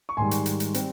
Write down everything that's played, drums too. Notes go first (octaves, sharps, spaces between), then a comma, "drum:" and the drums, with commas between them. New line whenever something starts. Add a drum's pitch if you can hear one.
C#6
G#2 D#3 G3 G#5 C6
drum: hi-hat
drum: hi-hat
drum: hi-hat
G3 C4, drum: hi-hat